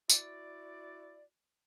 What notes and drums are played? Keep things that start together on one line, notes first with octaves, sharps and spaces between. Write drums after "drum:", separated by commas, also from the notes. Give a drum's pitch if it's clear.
E4 F#4 D5, drum: tambourine